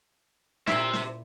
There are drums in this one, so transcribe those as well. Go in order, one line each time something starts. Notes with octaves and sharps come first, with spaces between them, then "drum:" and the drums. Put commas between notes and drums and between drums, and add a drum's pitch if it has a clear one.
A#2 E4 C5 E5, drum: snare
drum: snare